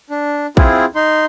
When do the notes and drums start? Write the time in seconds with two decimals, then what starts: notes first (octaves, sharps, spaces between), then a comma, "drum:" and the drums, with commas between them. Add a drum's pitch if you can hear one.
0.10 D4
0.57 C4 E4 F4 G#4, drum: kick
0.95 D#4 C6